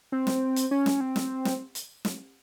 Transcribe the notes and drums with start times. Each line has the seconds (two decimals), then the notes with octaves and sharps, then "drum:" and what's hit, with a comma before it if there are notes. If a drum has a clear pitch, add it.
0.12 C4
0.27 drum: snare
0.56 drum: hi-hat
0.71 C#4
0.86 drum: snare
1.01 C4
1.16 drum: snare
1.45 drum: snare
1.75 drum: hi-hat
2.05 drum: snare